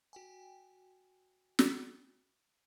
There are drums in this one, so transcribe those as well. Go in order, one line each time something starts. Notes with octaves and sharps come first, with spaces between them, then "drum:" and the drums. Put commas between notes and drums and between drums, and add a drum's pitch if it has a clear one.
F#4 G5 G#5
drum: snare